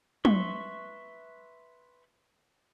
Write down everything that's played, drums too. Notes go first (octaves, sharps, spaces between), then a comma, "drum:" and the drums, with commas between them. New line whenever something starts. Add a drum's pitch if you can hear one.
B4 E5 C6 C#6, drum: tom